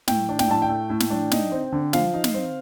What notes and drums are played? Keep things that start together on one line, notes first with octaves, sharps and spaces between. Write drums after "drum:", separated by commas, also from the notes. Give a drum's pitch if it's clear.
A2 G5, drum: snare
D4
G5, drum: snare
A2 A5
G5
A3
A2
drum: snare
D4
D#4, drum: snare
C4
D3
F3 F5, drum: snare
D#4
drum: snare
C4